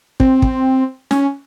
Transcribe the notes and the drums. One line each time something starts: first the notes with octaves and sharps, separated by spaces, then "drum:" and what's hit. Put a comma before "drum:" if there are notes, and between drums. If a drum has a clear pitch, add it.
C4, drum: kick
drum: kick
C#4, drum: snare